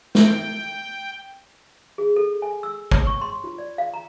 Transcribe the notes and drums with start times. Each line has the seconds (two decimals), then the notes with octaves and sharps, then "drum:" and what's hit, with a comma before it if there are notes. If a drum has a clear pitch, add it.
0.15 G5, drum: snare
1.98 G#4
2.16 A4
2.42 G#5
2.63 E6
2.91 C#5, drum: kick
3.07 C#6
3.21 C6
3.44 F4
3.58 D5
3.78 F5
3.94 A#5